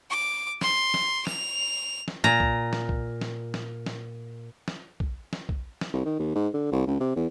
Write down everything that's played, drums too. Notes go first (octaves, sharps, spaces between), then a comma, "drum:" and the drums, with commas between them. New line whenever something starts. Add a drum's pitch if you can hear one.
D6
C6, drum: snare
drum: snare
F7, drum: snare
drum: snare
A#2 A#5
drum: kick B1
drum: snare
drum: kick B1
drum: snare
drum: snare
drum: snare
drum: snare
drum: kick B1
drum: snare
drum: kick B1
drum: snare
C2
D#3
D#2
G#2
D3
C2
C#2
C3
E2